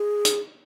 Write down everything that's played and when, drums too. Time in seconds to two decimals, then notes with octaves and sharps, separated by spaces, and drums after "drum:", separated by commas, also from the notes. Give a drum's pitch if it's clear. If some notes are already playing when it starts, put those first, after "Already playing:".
Already playing: G#4
0.25 drum: hi-hat